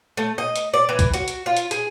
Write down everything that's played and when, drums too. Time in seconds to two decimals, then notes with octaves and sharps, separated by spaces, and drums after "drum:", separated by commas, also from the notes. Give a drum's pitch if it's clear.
0.17 A3
0.38 D#5
0.56 drum: hi-hat
0.74 D5
0.89 E3
0.99 drum: kick, hi-hat
1.14 F#4, drum: hi-hat
1.28 drum: hi-hat
1.46 F4
1.57 drum: hi-hat
1.71 G#4, drum: hi-hat